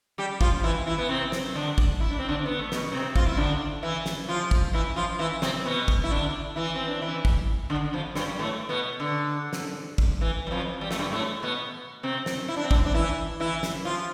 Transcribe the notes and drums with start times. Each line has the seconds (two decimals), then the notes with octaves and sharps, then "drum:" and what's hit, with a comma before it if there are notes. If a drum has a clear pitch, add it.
0.18 G3 G4
0.41 F3 F4, drum: kick
0.64 E3 E4
0.86 E3 E4
0.98 B3
1.09 C3 C4
1.32 drum: snare
1.55 D3 D4
1.78 drum: kick
2.00 E4
2.10 D4
2.19 C4
2.28 D3 D4
2.46 B3
2.59 A3
2.72 B2 B3, drum: snare
2.92 C3 C4
3.16 F4, drum: kick
3.26 E4
3.37 D3 D4
3.83 E3 E4
4.06 drum: snare
4.28 F3 F4
4.51 drum: kick
4.73 E3 E4
4.96 F3 F4
5.19 E3 E4
5.42 C3 C4, drum: snare
5.65 B2 B3
5.88 drum: kick
6.04 E4
6.10 D3 D4
6.56 E3 E4
6.76 C4
6.88 D4
7.02 E3 E4
7.25 drum: kick
7.70 D3 D4
7.93 F2 F3
8.15 G2 G3, drum: snare
8.28 G3
8.39 A2 A3
8.69 B2 B3
9.00 D3
9.53 drum: snare
9.98 drum: kick
10.21 E3
10.47 G3
10.51 F2 F3
10.81 G3
10.91 A3, drum: snare
10.99 G2 G3
11.12 A2 A3
11.42 B2 B3
12.03 C3 C4
12.26 drum: snare
12.48 E4
12.57 D4
12.64 C4
12.71 D3 D4, drum: kick
12.86 D4
12.94 E3 E4
13.40 E3 E4
13.63 drum: snare
13.85 F3 F4